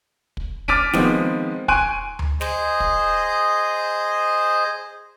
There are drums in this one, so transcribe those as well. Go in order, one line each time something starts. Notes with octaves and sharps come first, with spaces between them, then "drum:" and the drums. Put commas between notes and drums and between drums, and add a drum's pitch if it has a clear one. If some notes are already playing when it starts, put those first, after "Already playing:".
drum: kick
D6 F6 A6 B6 D7 D#7, drum: kick
D#3 F3 G#3 B3 C4, drum: snare
G#5 C6 C#6 F#6 D7 D#7, drum: kick
drum: tom D2
G#4 C5 D#5, drum: snare
drum: kick